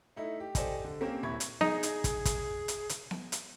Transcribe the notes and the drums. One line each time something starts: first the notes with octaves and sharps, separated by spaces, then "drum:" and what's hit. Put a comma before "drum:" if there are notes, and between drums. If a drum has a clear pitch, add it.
A3 D#4 E4
G4
G4 A4 C5 D5 D#5 G#5, drum: kick, hi-hat
D3
A#3 C4 C#4 G4 C5
D#1 E4 B5 C#6 G#6
drum: hi-hat
D#4 G#4, drum: snare B3
drum: hi-hat
drum: kick, hi-hat
drum: kick, hi-hat
drum: hi-hat
drum: hi-hat
drum: snare B3
drum: hi-hat